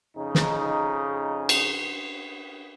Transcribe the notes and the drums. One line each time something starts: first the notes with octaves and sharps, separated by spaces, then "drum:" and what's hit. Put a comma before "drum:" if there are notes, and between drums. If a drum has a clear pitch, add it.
F2 C#3 D#4
drum: snare
drum: cymbal